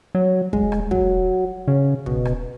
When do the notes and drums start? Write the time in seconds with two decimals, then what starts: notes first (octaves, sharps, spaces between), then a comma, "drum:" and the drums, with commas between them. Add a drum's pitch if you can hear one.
0.15 F#3
0.53 G#3, drum: kick
0.72 drum: rim click
0.91 F#3, drum: kick
1.68 C#3
2.06 B2, drum: kick
2.25 drum: rim click